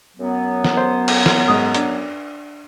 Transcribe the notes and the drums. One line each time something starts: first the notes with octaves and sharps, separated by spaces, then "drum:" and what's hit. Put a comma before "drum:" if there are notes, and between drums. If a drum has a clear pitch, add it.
F#2 F#3 B3
drum: snare
C5
drum: cymbal
drum: snare
G#2 D#6
D4, drum: hi-hat